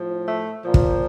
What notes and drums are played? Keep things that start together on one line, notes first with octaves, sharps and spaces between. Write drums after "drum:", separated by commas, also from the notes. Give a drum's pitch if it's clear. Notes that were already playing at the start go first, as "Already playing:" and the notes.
Already playing: A2 F3
A3
A#2 F3
drum: kick